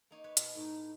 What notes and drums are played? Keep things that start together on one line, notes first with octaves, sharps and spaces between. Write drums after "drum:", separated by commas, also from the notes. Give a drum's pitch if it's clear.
A#3 D#4 C#5
B4 C#5
B2, drum: hi-hat
A2 D#4